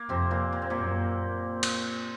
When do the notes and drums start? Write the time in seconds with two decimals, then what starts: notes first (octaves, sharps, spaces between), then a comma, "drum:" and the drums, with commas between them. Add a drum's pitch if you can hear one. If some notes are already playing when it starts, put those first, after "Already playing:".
Already playing: A#3
0.09 F2 C3 C4
0.31 A#2 A#3
0.53 A#3
0.62 C4
0.70 F#2 A#2 A#3
1.63 drum: cymbal